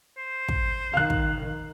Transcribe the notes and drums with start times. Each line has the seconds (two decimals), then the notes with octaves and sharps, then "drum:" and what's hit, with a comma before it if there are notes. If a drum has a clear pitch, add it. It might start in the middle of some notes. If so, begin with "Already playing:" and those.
0.18 C5
0.48 drum: kick
0.93 D#3 F5 F#6
1.10 drum: kick